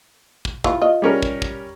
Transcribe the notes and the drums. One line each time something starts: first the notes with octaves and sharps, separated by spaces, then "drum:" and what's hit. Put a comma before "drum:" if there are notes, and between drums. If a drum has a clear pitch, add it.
drum: kick
E3 F4, drum: kick
F4 D#5
G3 C#4 A#4
drum: kick
drum: kick